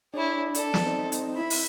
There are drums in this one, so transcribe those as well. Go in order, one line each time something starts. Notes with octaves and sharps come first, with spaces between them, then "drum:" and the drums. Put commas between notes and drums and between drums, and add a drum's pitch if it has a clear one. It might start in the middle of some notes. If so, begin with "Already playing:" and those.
D4 E4 G#4 C#5
A4 D5, drum: hi-hat
drum: snare
C4 D#4
drum: hi-hat
E4 E5 B5
drum: open hi-hat